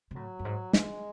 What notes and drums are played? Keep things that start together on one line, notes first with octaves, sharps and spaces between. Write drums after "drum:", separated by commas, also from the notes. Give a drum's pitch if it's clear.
C3
A2 F#3
F#2
G#2
F#2 G#3, drum: snare